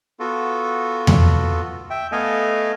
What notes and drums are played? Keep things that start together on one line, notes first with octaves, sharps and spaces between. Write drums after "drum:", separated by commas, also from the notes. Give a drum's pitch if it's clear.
B3 F4 F#4 A4
drum: tom E2
E5 G5
A3 B3 A4 D#5 F5 G#5